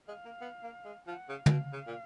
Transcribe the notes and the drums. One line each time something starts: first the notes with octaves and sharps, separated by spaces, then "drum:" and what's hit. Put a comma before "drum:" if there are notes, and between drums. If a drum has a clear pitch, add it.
G#3 F5
A#3
B3
A#3
G#3
F3 F#5
C#3
F5
A#2, drum: tom
B2
C#3
A#2